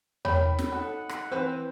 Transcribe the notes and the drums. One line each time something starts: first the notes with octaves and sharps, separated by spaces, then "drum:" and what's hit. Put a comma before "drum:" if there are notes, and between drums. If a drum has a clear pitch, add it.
D#3 C#5 G5 B5, drum: tom E2
drum: snare
D#4 A4 F#5
drum: rim click
E3 C4 B4 C5